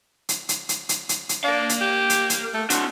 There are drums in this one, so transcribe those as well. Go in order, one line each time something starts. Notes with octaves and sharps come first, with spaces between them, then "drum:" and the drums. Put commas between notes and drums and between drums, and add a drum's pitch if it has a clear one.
drum: hi-hat
drum: hi-hat
drum: hi-hat
drum: hi-hat
drum: hi-hat
drum: hi-hat
D4 A#4 F5
drum: hi-hat
G4
drum: hi-hat
drum: hi-hat
A3
C4 D4 F#4, drum: hi-hat